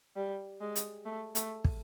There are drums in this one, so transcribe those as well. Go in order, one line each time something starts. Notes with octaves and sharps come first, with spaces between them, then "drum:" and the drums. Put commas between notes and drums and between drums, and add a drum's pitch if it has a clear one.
G3
G#3
drum: hi-hat
A3
A3, drum: hi-hat
drum: kick